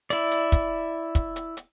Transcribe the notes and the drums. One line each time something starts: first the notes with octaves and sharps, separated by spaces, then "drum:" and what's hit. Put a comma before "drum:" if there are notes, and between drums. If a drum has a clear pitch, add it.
E4 D5, drum: hi-hat
drum: hi-hat
drum: kick, hi-hat
drum: kick, hi-hat
drum: hi-hat
drum: hi-hat